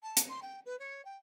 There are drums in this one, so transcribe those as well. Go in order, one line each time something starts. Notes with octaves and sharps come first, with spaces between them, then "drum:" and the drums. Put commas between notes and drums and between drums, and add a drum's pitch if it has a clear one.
A5
drum: hi-hat
C6
G5
B4
C#5
G5